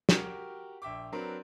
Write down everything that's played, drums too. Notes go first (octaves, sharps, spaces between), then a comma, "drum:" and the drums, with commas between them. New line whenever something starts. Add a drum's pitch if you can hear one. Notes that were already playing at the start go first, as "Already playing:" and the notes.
F#4 G4 A#4 G5 F6, drum: snare
A#1 E5 G5 D6
F#3 C4 D4 A#4 B4